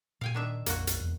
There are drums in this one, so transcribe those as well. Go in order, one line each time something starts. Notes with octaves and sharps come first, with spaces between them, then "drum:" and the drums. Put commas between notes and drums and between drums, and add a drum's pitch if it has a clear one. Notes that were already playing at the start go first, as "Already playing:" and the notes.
A#2 F5 G5 G#5
D#3 D4 E5
A#1 F2 A#3 D4 F#4, drum: hi-hat
drum: hi-hat
E1 B1 E2